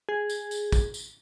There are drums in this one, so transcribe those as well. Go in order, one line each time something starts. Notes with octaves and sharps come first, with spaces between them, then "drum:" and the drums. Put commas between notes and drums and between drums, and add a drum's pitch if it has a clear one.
G#4
drum: tambourine
drum: tambourine
drum: kick, tambourine
drum: tambourine